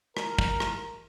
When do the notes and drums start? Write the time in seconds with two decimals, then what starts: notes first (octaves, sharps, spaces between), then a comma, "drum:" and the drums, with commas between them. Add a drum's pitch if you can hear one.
0.17 A#4, drum: rim click
0.39 drum: kick
0.60 drum: rim click